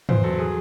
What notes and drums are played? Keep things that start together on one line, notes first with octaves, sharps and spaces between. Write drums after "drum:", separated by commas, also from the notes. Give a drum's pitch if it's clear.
E2 C5, drum: tom
F#3 A4
G#4